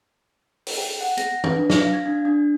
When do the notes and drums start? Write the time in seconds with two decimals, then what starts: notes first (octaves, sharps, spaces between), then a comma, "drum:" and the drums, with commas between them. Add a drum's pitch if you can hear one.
0.67 drum: open hi-hat
0.78 G5
1.01 F#5
1.17 A#6, drum: hi-hat
1.44 B4, drum: tom
1.56 D4
1.70 A#6, drum: snare
1.81 F5
1.94 G#6
2.06 D4
2.25 D4